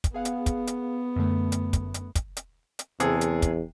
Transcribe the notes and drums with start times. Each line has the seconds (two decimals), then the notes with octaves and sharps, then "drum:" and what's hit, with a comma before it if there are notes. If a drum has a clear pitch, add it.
0.04 drum: kick, hi-hat
0.14 B3 G#4 F5 F#5
0.25 drum: hi-hat
0.46 drum: kick, hi-hat
0.67 drum: hi-hat
1.16 F#2 D3 A3
1.52 drum: hi-hat
1.73 drum: kick, hi-hat
1.94 drum: hi-hat
2.15 drum: kick, hi-hat
2.37 drum: hi-hat
2.79 drum: hi-hat
3.00 E2 C3 G#4 A4, drum: hi-hat
3.21 drum: hi-hat
3.42 drum: kick, hi-hat